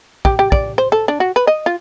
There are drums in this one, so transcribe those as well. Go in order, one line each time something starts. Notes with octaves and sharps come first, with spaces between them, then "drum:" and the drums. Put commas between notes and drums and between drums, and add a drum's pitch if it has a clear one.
G4, drum: kick
G4
D5, drum: kick
C5
A4
D4
F#4
B4
D#5
F4